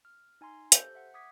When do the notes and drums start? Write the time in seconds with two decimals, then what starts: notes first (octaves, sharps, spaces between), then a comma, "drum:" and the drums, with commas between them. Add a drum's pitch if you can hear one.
0.05 F6
0.41 D#4 G#5 A#5 C6
0.72 G4 A4 C5 G6, drum: hi-hat
0.95 E5 F#5
1.14 F#5 D6 D#6 G#6 B6